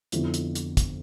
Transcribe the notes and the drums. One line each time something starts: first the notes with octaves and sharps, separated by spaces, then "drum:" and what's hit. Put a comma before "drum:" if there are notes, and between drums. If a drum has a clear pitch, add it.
F2 D3 F3 B3 E4, drum: hi-hat
drum: hi-hat
drum: hi-hat
drum: kick, hi-hat